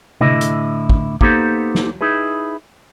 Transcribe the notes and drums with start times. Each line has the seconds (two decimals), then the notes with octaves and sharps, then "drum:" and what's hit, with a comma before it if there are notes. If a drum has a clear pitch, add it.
0.21 A2 D3 E4 D#5, drum: tom C3
0.41 drum: hi-hat
0.90 drum: kick
1.21 A#3 B3 D#4 G4 A4 C5, drum: kick
1.75 drum: snare
2.01 D#4 E4 G#4 B4